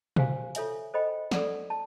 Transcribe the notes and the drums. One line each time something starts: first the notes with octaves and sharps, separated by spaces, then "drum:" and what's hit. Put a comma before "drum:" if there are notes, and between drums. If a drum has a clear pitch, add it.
G4 C5 F5 G#5, drum: tom
F4 A4 C#5 E5 G#5, drum: hi-hat
A4 C5 D#5 G5 B5
A4 D5 F#5, drum: snare
A5